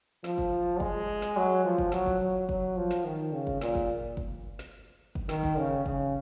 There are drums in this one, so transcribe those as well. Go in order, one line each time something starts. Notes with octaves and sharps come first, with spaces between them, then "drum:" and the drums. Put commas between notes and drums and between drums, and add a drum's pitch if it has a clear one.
F3, drum: snare
drum: kick
G#3, drum: kick
drum: snare
F#3
F3
drum: kick
F#3, drum: snare
drum: kick
F#3
F#3, drum: kick
F3
drum: snare
D#3
C#3
drum: kick
A#2, drum: snare
drum: kick
drum: kick
drum: snare
drum: kick
D#3, drum: snare
drum: kick
C#3
C#3, drum: kick